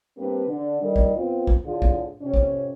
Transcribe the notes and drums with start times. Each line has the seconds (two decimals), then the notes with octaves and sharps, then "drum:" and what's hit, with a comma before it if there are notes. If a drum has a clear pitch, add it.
0.17 G2 A#3 C4 G4 B4
0.47 D3
0.81 D2 D#3 G3 A#4 D#5
0.96 drum: kick
1.15 B3 C4 F4
1.47 drum: kick
1.65 D2 A2 D3 F4 G#4
1.82 drum: kick
2.21 F2 C3 C#4
2.34 drum: kick